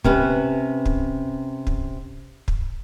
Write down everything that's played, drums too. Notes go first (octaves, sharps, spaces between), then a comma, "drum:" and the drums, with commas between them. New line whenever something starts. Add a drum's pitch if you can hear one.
C3 C#4 B4, drum: kick
drum: kick
drum: kick
drum: kick